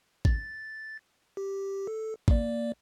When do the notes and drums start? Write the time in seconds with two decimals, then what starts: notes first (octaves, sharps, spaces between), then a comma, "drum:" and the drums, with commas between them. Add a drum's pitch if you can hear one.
0.25 A6, drum: kick G#1
1.37 G4
1.87 A4
2.28 A#3 D5, drum: kick G#1